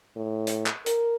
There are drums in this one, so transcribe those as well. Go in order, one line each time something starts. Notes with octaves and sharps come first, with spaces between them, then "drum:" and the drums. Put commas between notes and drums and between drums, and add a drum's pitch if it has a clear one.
A2
drum: hi-hat
drum: clap
A#4, drum: hi-hat